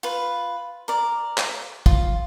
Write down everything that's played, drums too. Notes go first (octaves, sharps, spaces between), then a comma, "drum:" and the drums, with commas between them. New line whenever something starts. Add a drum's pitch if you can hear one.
F4 B4
A#4 D5
drum: clap
F4, drum: kick